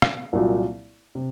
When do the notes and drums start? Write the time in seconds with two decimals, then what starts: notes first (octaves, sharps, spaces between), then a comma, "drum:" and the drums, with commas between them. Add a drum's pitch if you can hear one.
0.02 drum: rim click
0.33 C2 A#2 F#3
1.15 C3